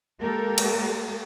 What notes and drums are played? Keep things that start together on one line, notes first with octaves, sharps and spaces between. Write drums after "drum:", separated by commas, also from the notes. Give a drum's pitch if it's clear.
G#3 A#3 G4 A4 A#4
drum: cymbal